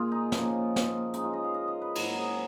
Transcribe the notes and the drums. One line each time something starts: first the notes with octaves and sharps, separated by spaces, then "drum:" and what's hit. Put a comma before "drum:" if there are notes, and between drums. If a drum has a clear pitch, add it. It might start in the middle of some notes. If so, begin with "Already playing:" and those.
Already playing: A#2 G#3 F4 G#4
D#4
C#3 F3 A#3, drum: snare
drum: snare
C#3 G#3 D#4, drum: hi-hat
F4
D#5
F5
D#5
D#5
B4
G#2 F#3 A#3 A#4, drum: cymbal
G#4